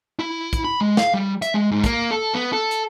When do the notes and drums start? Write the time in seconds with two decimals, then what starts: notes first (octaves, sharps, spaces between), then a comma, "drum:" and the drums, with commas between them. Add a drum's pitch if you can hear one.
0.19 E4
0.53 drum: kick, hi-hat
0.65 B5
0.81 G#3
0.97 F5, drum: snare
1.14 G3
1.42 E5, drum: hi-hat
1.54 G#3
1.72 G#2
1.84 A#3, drum: kick, hi-hat
2.11 A4
2.34 B3
2.53 A4
2.71 drum: hi-hat